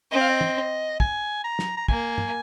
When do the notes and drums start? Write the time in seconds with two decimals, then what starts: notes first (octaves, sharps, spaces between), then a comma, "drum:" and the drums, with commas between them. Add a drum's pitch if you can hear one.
0.11 C4 D#5
0.21 F5
0.29 D#5
0.41 drum: tom
1.00 G#5, drum: kick
1.44 A#5
1.59 drum: snare
1.77 A#5
1.88 A#3 G#5, drum: kick
2.18 drum: tom